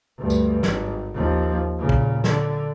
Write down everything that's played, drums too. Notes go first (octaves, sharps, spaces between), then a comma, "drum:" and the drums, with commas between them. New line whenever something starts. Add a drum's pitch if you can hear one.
D2 G2
drum: tambourine
G#1, drum: snare
D#2 F3
A#2 C#3
drum: kick
D3, drum: snare